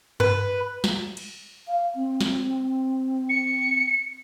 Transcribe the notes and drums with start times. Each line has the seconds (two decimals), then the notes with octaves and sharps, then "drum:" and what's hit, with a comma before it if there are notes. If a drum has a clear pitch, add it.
0.20 B4, drum: tom G2
0.84 drum: snare
1.17 drum: cymbal
1.68 F5
1.95 C4
2.21 drum: snare
3.29 C#7